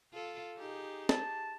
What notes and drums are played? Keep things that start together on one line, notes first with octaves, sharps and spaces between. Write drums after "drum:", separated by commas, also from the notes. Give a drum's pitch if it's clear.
F4 A4
D#4 G4 G#4
A5, drum: snare